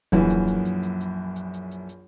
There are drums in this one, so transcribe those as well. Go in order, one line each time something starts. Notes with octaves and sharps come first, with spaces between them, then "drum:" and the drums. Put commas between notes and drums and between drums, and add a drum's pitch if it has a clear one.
A#1 F#2 E3, drum: kick D#1, hi-hat
drum: hi-hat
drum: hi-hat
drum: hi-hat
drum: hi-hat
drum: hi-hat
drum: hi-hat
drum: hi-hat
drum: hi-hat
drum: hi-hat